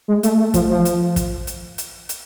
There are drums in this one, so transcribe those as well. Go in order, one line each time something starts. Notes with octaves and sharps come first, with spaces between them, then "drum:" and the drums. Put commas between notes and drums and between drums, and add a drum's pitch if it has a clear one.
G#3
A3, drum: hi-hat
A3
F3, drum: kick, hi-hat
F3
drum: hi-hat
drum: kick, hi-hat
drum: hi-hat
drum: hi-hat
drum: hi-hat